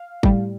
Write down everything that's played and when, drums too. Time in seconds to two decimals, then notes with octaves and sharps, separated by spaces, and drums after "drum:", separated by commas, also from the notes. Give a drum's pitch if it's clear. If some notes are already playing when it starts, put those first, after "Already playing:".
Already playing: F5
0.23 A2 G3, drum: kick G1